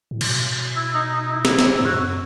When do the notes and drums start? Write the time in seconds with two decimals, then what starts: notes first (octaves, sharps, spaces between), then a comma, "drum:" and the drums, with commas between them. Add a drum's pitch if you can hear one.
0.11 A2
0.21 B2, drum: cymbal
0.76 E4
0.94 D#4
1.13 D#4
1.26 D#4
1.31 E4
1.45 drum: snare
1.59 drum: snare
1.77 E4
1.81 G2
1.85 F#2 F#4